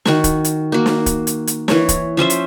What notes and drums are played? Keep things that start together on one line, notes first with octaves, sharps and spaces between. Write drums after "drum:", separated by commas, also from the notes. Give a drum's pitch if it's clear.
D#3 F#4 C#6, drum: snare
drum: kick, hi-hat
drum: hi-hat
A#3 F#4
drum: snare
drum: kick, hi-hat
drum: hi-hat
drum: hi-hat
E3 C#5, drum: snare
drum: kick, hi-hat
F3 C#4 C5 E5
drum: hi-hat